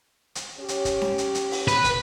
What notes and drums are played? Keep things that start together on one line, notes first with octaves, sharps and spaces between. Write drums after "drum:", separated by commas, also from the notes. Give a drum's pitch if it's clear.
drum: hi-hat
C#4 G4
drum: hi-hat
drum: kick, hi-hat
drum: snare C#4
drum: hi-hat
drum: hi-hat
drum: open hi-hat
B4, drum: hi-hat
drum: kick, hi-hat